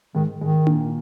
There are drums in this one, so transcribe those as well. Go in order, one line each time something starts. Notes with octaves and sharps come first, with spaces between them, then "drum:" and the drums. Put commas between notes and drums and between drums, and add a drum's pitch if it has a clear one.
G#2 D#3 G#3
G#2 D#3 G#3
A#2 A#3, drum: tom D4